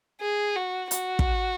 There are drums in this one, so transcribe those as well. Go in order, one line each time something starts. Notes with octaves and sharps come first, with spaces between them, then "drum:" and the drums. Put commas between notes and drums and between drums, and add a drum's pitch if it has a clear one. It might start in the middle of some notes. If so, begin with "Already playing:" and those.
G#4
F#4
F#4, drum: hi-hat
drum: kick